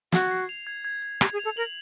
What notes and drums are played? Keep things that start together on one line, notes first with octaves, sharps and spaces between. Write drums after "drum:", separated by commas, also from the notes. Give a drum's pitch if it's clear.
F#4 G#6, drum: snare
C7
F7
G#6
G#6
G#6
G4 G#6, drum: rim click
G#4
F7
A4
A#4 F#7